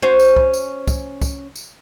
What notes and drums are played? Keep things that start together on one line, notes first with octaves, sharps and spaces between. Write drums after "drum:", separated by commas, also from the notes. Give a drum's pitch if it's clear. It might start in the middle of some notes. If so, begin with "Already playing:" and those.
C#4 F#4 C5
drum: tambourine
drum: kick
drum: tambourine
drum: kick, tambourine
drum: kick, tambourine
drum: tambourine